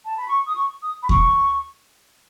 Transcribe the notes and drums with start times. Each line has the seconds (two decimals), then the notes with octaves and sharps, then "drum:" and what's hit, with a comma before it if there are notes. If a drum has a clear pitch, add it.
0.05 A5
0.17 B5
0.28 C#6
0.47 D#6
0.56 C#6
0.82 D#6
1.03 B5
1.09 C#6, drum: kick D#2